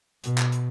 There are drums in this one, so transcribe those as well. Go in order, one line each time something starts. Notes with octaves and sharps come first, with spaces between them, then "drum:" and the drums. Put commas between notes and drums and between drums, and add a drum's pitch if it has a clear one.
B2, drum: hi-hat
drum: clap
drum: hi-hat